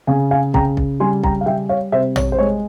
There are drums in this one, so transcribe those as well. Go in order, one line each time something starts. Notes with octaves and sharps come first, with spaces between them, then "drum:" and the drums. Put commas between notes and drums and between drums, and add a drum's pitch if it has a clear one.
C#3 F5 G#5
F5 G#5
C#3 G5 A#5, drum: kick B1
drum: kick B1
G3 G#5 C6
G5 A#5, drum: kick B1
F5
G3 E5 G5
C#5 F5
C3 C5 E5
C#5, drum: tom A#1
C5
G#3 C#5